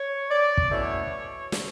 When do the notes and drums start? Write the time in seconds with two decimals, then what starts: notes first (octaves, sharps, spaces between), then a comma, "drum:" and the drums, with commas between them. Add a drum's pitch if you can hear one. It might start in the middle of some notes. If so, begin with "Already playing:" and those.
Already playing: C#5
0.31 D5
0.57 drum: kick
0.71 B2 A3 C#4 E4 C#5
1.52 drum: snare